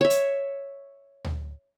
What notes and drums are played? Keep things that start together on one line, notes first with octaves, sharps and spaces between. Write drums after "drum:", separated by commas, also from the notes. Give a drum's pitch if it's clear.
C#5 E5
drum: hi-hat
drum: tom D2